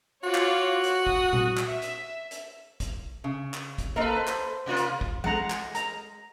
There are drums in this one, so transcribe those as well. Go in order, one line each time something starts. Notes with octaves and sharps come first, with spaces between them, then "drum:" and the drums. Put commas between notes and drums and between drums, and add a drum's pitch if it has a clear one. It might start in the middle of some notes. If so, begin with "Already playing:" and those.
F4 F#4 C#5 D6
drum: clap
drum: hi-hat
D#6, drum: kick
drum: tom A#2
drum: clap
E5
drum: hi-hat
drum: hi-hat
drum: kick, hi-hat
C#3
drum: clap
drum: kick, hi-hat
A#3 A4 B4 D#5
C5
drum: clap
C3 A#3 F4
drum: hi-hat
drum: kick
G#3 F#5 A#5, drum: tom E3
drum: clap
A#5, drum: hi-hat